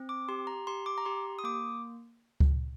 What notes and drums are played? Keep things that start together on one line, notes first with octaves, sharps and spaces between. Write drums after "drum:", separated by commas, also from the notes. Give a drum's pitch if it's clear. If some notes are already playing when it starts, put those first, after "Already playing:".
Already playing: C4
D6
G4 C6
A#5
G4 C6
D6
A#5
G4 C6
D#6
A#3 D6
drum: kick C#2